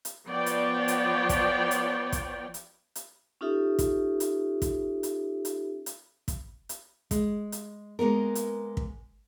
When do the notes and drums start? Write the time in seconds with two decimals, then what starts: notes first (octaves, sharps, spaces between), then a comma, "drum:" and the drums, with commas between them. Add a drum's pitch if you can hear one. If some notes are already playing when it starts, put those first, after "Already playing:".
0.05 drum: hi-hat
0.27 F3 B3 C#5 D5 G5
0.46 drum: hi-hat
0.88 drum: hi-hat
1.29 drum: kick, hi-hat
1.71 drum: hi-hat
2.12 drum: kick, hi-hat
2.54 drum: hi-hat
2.95 drum: hi-hat
3.41 C#4 D#4 F4 G4 A4 E5
3.79 drum: kick, hi-hat
4.20 drum: hi-hat
4.62 drum: kick, hi-hat
5.03 drum: hi-hat
5.45 drum: hi-hat
5.86 drum: hi-hat
6.28 drum: kick, hi-hat
6.69 drum: hi-hat
7.11 G#3, drum: kick, hi-hat
7.52 drum: hi-hat
7.99 G#3 A#3 B3 A#4
8.35 drum: hi-hat
8.77 drum: kick